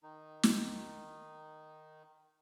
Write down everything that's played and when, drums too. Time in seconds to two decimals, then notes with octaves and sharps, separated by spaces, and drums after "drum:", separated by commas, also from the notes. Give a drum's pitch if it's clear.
0.03 D#3 D#4
0.43 drum: snare